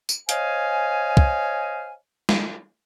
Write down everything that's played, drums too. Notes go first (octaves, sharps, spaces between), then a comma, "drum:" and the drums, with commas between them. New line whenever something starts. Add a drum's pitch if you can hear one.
drum: tambourine
C5 C#5 D#5 F5 G#5, drum: hi-hat
drum: kick
drum: snare